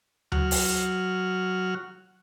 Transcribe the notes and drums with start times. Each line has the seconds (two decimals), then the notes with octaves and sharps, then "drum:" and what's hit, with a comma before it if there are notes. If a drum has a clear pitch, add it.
0.32 F#3 F#4 F6, drum: tom D2
0.51 drum: open hi-hat